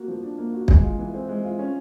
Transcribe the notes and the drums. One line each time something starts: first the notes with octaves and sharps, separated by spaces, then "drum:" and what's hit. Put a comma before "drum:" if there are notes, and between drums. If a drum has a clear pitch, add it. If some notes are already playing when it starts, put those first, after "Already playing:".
Already playing: A#3 F#4
F3
D4
A#3
F#4
G#3, drum: kick
F4
E3
C4
G#3
F4
C#4